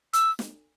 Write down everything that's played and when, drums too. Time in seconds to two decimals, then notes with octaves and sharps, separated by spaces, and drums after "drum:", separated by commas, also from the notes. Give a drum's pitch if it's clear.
0.13 E6, drum: hi-hat
0.39 drum: snare